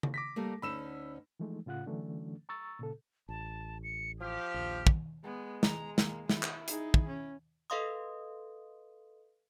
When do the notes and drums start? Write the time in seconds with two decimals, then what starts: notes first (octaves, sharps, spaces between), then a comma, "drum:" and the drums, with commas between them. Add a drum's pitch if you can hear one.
0.03 drum: tom C#3
0.14 D6 A#6 B6
0.36 G3 A3 A#3
0.62 D2 C#4 D#4 B5 E6 E7
1.40 E3 F3 G#3 A3 D#4
1.66 A2 C#3 F4 F#5 F#6
1.86 D3 E3 F#3 A3 C#4 D4
2.49 A#5 C#6 E6 A6
2.79 A#2 C#3 A4
3.29 A1 A5
3.83 C#7
4.21 F3 G4 F6
4.54 A#1 D#2
4.87 drum: kick
5.24 G#3 B3
5.63 A#5, drum: snare
5.98 A#3, drum: snare
6.29 E4, drum: snare
6.43 drum: clap
6.68 D#4 G#4, drum: hi-hat
6.94 drum: kick
7.07 C#4
7.70 A4 B4 D#5 F5 C6 D#6